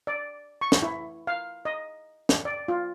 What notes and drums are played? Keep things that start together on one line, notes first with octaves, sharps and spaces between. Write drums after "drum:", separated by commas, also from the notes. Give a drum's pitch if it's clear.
D5
C#6
drum: snare
E4
F5
D#5
drum: snare
D5
F4